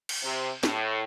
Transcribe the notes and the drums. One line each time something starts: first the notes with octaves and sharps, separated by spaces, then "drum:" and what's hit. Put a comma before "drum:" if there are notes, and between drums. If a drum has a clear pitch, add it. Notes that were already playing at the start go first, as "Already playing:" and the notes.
drum: cymbal
C3
A2, drum: snare